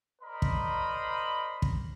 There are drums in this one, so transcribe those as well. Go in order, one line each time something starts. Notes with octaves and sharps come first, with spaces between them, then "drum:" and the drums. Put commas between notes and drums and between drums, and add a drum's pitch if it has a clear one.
A#4 C5 D5 D#5 A#5 B5
drum: kick
drum: kick